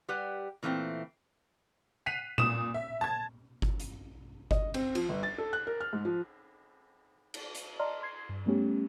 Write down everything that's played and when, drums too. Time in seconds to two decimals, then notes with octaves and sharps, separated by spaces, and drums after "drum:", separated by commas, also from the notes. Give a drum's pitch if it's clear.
0.09 G3 G4 B4 F#5
0.63 A#2 E3 A3 B3 C4
2.06 F#6 B6 C7 D#7 F7
2.38 A#2 D#6 E7, drum: tom A#2
2.74 E5
3.01 A5 G#6
3.62 drum: kick G1
3.80 drum: hi-hat
4.51 D#5, drum: kick G1
4.74 C4, drum: cymbal
4.95 F3, drum: cymbal
5.09 G1
5.23 A6
5.38 A4
5.53 F#6
5.67 A#4
5.81 F6
5.93 G#2
6.05 F3
7.34 drum: cymbal
7.55 drum: hi-hat
7.79 D5 D#5 A5 A#5 C6 F6
8.02 C6 G#6 C7
8.29 G2
8.46 G3 A3 B3 C#4 G4